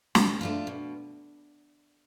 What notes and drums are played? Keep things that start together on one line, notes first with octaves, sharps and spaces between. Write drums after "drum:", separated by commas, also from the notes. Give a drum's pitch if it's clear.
B2, drum: snare
A3 D4 F4
B2